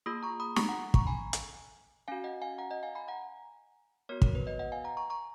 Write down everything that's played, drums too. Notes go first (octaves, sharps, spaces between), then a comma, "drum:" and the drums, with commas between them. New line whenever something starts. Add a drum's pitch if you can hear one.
A#3 F4 G#4 B5 D#6
A#5 C#6
B5 D#6
A#5 C#6, drum: snare
F#5 A#5
A#5 C#6, drum: kick
G#5 B5
drum: hi-hat
C#4 F#4 F5 G#5
D#5 F#5
F5 G#5
F#5 A#5
D#5 F#5
F5 G#5
G#5 B5
F#5 A#5
B3 F#4 A#4 C#5
A#4 C#5, drum: kick
B4
B4 D#5
D#5 F#5
F5 G#5
F#5 A#5
A#5 C#6
A#5 C#6